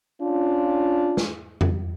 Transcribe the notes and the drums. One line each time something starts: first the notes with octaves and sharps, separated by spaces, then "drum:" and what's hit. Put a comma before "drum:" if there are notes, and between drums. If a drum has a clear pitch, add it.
C#4 D4 F4
drum: snare
drum: tom F2